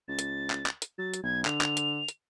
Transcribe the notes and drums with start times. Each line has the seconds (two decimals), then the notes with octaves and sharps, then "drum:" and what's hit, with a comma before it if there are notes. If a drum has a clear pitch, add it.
0.08 C#2 A6
0.19 drum: hi-hat
0.50 drum: clap
0.66 drum: clap
0.82 drum: hi-hat
0.98 F#3 A6
1.14 drum: hi-hat
1.23 B1 G#6
1.45 D3 F7, drum: clap
1.61 drum: clap
1.77 drum: hi-hat
2.08 drum: hi-hat